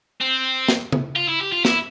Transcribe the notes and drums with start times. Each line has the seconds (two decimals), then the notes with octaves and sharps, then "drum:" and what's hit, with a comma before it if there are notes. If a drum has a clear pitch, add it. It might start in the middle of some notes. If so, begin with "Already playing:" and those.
0.21 C4
0.68 drum: snare
0.92 drum: tom C#3
1.16 F4
1.28 E4
1.41 G4
1.52 F4
1.65 E4, drum: snare